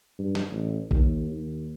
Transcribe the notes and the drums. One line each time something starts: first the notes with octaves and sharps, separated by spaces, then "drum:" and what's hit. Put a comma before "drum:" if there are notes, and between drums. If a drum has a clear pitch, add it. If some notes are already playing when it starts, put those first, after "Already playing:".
G2
drum: snare
A1
D#2, drum: kick
D#2